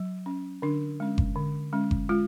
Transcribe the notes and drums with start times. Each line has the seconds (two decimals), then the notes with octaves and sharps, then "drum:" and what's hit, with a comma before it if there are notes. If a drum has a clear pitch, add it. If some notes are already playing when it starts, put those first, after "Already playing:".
Already playing: F#3
0.26 C#4
0.62 D3 D4
1.00 G#3 C#4
1.18 drum: kick F#1
1.36 D3
1.73 G#3 C#4
1.91 drum: kick F#1
2.09 G#3 F4